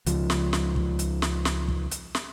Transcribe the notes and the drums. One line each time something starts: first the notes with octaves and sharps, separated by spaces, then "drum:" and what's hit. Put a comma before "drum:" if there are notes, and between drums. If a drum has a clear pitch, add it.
C#2 F3, drum: hi-hat
drum: snare
drum: snare
drum: kick
drum: hi-hat
drum: snare
drum: snare
drum: kick
drum: hi-hat
drum: snare